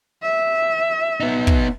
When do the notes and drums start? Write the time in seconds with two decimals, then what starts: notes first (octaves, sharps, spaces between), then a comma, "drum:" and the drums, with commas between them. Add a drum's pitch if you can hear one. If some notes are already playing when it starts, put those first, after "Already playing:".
0.22 E5
1.20 B3 D#4
1.47 drum: kick